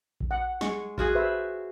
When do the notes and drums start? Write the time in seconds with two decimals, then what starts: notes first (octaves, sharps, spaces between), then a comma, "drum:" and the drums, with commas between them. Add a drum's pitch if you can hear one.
0.20 drum: kick A#1
0.31 F#5
0.61 G#3 C#6, drum: snare
0.98 F4 F#4 G#4, drum: kick A#1
1.15 B4 C5 E5